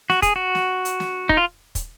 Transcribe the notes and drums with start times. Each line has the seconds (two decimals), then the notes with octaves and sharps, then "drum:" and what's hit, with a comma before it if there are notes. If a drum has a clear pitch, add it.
0.10 F#4, drum: snare
0.22 G#4, drum: kick, hi-hat
0.36 F#4
0.55 drum: snare
0.85 drum: hi-hat
1.00 drum: snare
1.29 D#4, drum: kick
1.37 F4
1.75 drum: kick, hi-hat